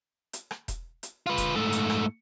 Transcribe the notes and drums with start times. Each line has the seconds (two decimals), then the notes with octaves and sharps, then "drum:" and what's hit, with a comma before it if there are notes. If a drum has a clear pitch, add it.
0.33 drum: hi-hat
0.51 drum: rim click
0.68 drum: kick E1, hi-hat
1.03 drum: hi-hat
1.27 F4 B4
1.38 drum: kick E1, hi-hat
1.55 G#2 A3
1.72 drum: hi-hat
1.90 drum: rim click